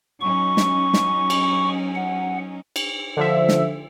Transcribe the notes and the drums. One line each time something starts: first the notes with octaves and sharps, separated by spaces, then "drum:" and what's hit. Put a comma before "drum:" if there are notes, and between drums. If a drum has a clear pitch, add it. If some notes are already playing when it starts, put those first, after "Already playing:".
F#3 C#4 D#4 C#6
drum: snare
drum: snare
drum: cymbal
F#5
drum: cymbal
D3 F3 E5
drum: snare